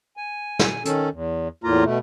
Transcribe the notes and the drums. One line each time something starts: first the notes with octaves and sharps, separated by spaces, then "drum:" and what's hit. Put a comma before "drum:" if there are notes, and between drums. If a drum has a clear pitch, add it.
G#5
drum: snare
D#3 C#4 A4, drum: hi-hat
E2
E2 A2 A#3 F4 A#5
B2 A3